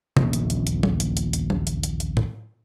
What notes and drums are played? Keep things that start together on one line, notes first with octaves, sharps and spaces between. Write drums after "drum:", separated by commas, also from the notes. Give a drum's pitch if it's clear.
D#1 A#1 E2 C#3, drum: tom
drum: hi-hat
drum: hi-hat
drum: hi-hat
drum: tom
drum: hi-hat
drum: hi-hat
drum: hi-hat
drum: tom
drum: hi-hat
drum: hi-hat
drum: hi-hat
drum: tom A2